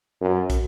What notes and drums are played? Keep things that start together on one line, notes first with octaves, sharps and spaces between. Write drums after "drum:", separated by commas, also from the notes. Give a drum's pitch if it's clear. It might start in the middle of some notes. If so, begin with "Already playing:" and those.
F#2
drum: kick, hi-hat